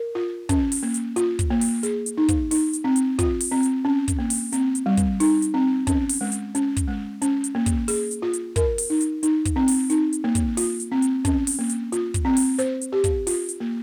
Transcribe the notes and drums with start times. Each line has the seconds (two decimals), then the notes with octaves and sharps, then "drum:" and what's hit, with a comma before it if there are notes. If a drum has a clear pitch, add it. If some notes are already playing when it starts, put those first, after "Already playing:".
Already playing: A#4
0.15 F4
0.49 C#4, drum: kick, hi-hat
0.72 drum: open hi-hat
0.83 A#3
0.94 drum: hi-hat
1.16 F4, drum: hi-hat
1.39 drum: kick, hi-hat
1.50 A#3
1.61 drum: open hi-hat
1.83 G#4, drum: hi-hat
2.06 drum: hi-hat
2.18 D#4
2.28 drum: kick, hi-hat
2.51 D#4, drum: open hi-hat
2.73 drum: hi-hat
2.84 C4
2.96 drum: hi-hat
3.19 F4, drum: kick, hi-hat
3.40 drum: open hi-hat
3.51 C4
3.63 drum: hi-hat
3.85 C#4
4.08 drum: kick, hi-hat
4.19 A#3
4.30 drum: open hi-hat
4.52 C4, drum: hi-hat
4.75 drum: hi-hat
4.86 G3
4.97 drum: kick, hi-hat
5.20 D#4, drum: open hi-hat
5.42 drum: hi-hat
5.54 C4
5.87 C#4, drum: kick, hi-hat
6.09 drum: open hi-hat
6.21 G#3
6.32 drum: hi-hat
6.55 C#4, drum: hi-hat
6.77 drum: kick, hi-hat
6.88 G#3
7.22 C#4, drum: hi-hat
7.44 drum: hi-hat
7.55 A#3
7.66 drum: kick, hi-hat
7.88 G#4, drum: open hi-hat
8.11 drum: hi-hat
8.22 F4
8.33 drum: hi-hat
8.56 A#4, drum: kick, hi-hat
8.78 drum: open hi-hat
8.90 D#4
9.01 drum: hi-hat
9.23 D#4, drum: hi-hat
9.45 drum: kick, hi-hat
9.56 C4
9.68 drum: open hi-hat
9.90 D#4, drum: hi-hat
10.13 drum: hi-hat
10.24 A#3
10.35 drum: kick, hi-hat
10.57 F4, drum: open hi-hat
10.80 drum: hi-hat
10.92 C4
11.02 drum: hi-hat
11.25 C#4, drum: kick, hi-hat
11.47 drum: open hi-hat
11.59 A#3
11.69 drum: hi-hat
11.92 F4, drum: hi-hat
12.14 drum: kick, hi-hat
12.25 C4
12.37 drum: open hi-hat
12.59 C5, drum: hi-hat
12.81 drum: hi-hat
12.93 G4
13.04 drum: kick, hi-hat
13.27 F4, drum: open hi-hat
13.49 drum: hi-hat
13.60 A#3